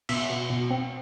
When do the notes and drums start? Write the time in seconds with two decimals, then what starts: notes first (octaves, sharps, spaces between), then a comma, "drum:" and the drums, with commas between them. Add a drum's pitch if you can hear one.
0.09 B2 E5, drum: cymbal
0.30 B2
0.50 B2
0.70 C4